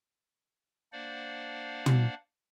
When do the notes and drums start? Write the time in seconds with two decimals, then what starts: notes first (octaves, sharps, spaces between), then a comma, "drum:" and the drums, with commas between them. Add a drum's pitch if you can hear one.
0.93 A#3 D4 C5 D5 F5 F#5
1.86 drum: tom